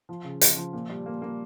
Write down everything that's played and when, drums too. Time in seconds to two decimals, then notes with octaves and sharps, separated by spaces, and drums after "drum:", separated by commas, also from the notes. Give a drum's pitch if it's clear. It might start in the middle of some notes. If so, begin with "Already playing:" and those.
0.09 F3
0.24 C#3
0.41 F3, drum: hi-hat
0.57 F3
0.73 A#2
0.89 G3
1.06 A#3
1.22 A#3